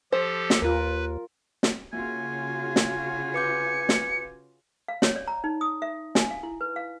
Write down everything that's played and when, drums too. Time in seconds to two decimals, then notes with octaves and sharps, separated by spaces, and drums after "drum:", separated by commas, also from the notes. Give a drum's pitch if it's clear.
0.12 F3 G4 A4 C5
0.50 drum: snare
0.62 D#2 F4 A#4 B4
1.63 drum: snare
1.93 C#3 A#3 F4 F#4 G#5
2.76 drum: snare
3.34 B4 D6 G6 C#7
3.89 drum: snare
4.88 F5
5.02 C#5, drum: snare
5.16 D5
5.28 A#5
5.44 D#4
5.61 D#6
5.82 E5
6.15 G#5, drum: snare
6.31 F5
6.43 E4
6.61 B4
6.76 F5